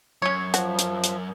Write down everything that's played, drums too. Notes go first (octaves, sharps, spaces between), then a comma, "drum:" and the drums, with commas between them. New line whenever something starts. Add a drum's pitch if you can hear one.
F#2 C#4 C#5
F3 F#4, drum: hi-hat
drum: hi-hat
drum: hi-hat